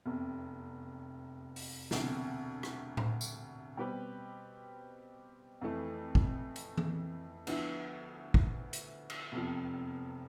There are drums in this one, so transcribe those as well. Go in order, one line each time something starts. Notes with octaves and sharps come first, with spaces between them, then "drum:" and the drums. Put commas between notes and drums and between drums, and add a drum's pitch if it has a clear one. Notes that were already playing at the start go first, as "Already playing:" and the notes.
F1 E2 C3
drum: open hi-hat
E1 D2 C3, drum: snare
drum: rim click
drum: tom A2
drum: tambourine
B2 G3 C4 G4 B4
F2 E3 A3
drum: kick
drum: hi-hat
drum: tom E3
D2 D3 F3 B3 E4, drum: cymbal
drum: kick
drum: hi-hat
drum: cymbal
F1 E2 C3 F3